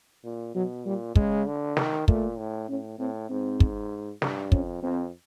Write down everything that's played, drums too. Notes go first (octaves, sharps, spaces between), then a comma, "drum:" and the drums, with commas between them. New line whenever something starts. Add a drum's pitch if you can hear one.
A#2
B2 F#3
A#2 G3
C#3 G#3, drum: kick
D3
D#3, drum: snare
A#2 A3, drum: kick
A2
A2 C#4
A2 C4
G#2 C4
drum: kick
G2, drum: snare
F2 C#4, drum: kick
F2 C4